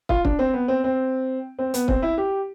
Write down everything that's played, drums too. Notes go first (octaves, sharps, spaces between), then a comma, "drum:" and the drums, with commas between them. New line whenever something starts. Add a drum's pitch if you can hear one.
F4, drum: kick
D4, drum: kick
C4
B3
C4
C4
C4
B3, drum: hi-hat
C4, drum: kick
E4
G4